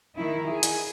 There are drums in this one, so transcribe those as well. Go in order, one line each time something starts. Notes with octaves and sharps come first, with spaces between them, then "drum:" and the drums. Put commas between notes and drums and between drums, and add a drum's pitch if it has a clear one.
D#3 E4
G#4
drum: hi-hat